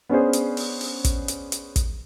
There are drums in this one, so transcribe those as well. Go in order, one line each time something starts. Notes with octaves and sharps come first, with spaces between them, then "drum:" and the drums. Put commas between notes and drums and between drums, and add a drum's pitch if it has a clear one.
B3 C#4 D4 G#4 C5
drum: hi-hat
drum: open hi-hat
drum: open hi-hat
drum: kick, hi-hat
drum: hi-hat
drum: hi-hat
drum: kick, hi-hat